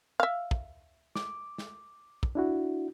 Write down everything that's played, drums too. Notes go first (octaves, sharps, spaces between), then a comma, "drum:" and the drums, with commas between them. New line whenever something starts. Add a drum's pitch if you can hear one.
E5 F5
drum: kick
D6, drum: snare
drum: snare
drum: kick
D4 E4 F#4